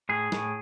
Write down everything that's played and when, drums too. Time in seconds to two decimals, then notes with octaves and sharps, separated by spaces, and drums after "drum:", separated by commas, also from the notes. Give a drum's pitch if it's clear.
0.09 A2 G#4
0.32 A2, drum: snare